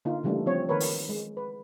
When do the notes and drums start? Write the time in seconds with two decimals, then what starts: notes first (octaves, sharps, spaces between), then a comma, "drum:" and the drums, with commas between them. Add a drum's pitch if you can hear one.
0.05 D3 A#3 D#4 F4
0.24 C#3 E3 G3 A3 A#3 D4
0.46 F3 C4 C#5
0.69 D#3 A#3 A#4 B4 C#5
0.80 drum: open hi-hat
1.09 G#3
1.37 B4